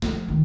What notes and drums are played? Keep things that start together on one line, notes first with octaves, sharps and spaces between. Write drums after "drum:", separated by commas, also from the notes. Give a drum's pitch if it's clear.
F3, drum: snare
D#3